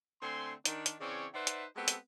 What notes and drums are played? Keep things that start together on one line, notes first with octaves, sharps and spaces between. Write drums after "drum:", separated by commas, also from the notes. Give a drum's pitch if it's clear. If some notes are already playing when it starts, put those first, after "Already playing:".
D3 A3 C4 G#5 C6
D#3 D4, drum: hi-hat
drum: hi-hat
C#3 E3 C4 C#4 C#5 D5
D#4 B4 C5 D5 E5 F#5
drum: hi-hat
G#3 B3 C4 F#4 G4 A4
drum: hi-hat